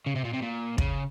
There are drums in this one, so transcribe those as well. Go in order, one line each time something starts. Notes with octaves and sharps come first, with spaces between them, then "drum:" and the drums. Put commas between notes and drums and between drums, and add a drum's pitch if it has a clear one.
C#3
C3
A#2
C3
A#2
C#3, drum: kick